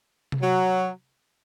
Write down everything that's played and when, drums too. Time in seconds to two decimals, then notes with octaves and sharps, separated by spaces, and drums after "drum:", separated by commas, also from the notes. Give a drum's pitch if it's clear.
0.32 drum: tom C3
0.42 F#3